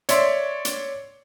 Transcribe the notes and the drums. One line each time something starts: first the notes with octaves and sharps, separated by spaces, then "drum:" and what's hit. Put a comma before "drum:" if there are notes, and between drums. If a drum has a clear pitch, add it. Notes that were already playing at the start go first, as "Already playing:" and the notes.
C#5 D5 E5 C6, drum: hi-hat
drum: hi-hat